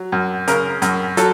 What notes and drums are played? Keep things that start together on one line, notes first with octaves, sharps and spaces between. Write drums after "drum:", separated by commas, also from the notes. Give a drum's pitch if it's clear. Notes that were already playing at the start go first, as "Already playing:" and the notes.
Already playing: F#3
F#2
C#3 A#4, drum: hi-hat
F#2, drum: hi-hat
F#3 A4, drum: hi-hat